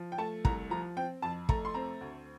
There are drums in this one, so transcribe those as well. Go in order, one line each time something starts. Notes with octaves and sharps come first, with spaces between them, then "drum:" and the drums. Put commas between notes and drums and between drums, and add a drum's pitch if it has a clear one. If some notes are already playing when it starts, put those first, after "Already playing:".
Already playing: F3
G5
A3 A5
C2 A#5, drum: kick
F3 A#5
C4 G5
F2 A5
A3 A#5, drum: kick
C6
C4 A#5
D2